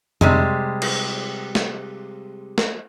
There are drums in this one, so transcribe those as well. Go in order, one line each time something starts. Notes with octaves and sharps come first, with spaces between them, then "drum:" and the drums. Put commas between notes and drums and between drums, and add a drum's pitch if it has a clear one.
C3 G3 G#3, drum: tom F2
drum: cymbal
drum: snare
drum: snare